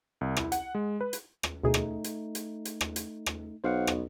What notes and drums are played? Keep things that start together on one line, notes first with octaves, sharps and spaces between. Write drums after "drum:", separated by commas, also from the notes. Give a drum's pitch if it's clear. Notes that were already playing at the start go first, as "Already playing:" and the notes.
C2
E4, drum: rim click
F#5, drum: hi-hat
G#3
B4
drum: hi-hat
drum: rim click
D2 B2 A3 D#4 G#4
drum: rim click
drum: hi-hat
drum: hi-hat
drum: hi-hat
drum: rim click
drum: hi-hat
drum: rim click
B1 C5 F5 F#5
drum: rim click